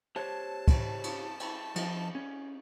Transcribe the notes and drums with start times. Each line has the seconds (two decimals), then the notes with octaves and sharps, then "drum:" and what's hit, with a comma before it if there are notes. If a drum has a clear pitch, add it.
0.16 G4 C5 C#5 A5
0.68 drum: kick, cymbal
1.04 drum: cymbal
1.40 drum: cymbal
1.76 F3 D#5, drum: cymbal
2.15 C#4